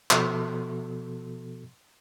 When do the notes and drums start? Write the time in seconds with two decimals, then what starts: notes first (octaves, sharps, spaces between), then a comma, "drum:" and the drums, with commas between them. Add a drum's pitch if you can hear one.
0.11 B2 F3 B3 F#4 A4, drum: clap